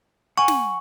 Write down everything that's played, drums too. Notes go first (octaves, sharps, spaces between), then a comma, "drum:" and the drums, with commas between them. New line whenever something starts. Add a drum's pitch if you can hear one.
F#5 G#5 C#6
drum: snare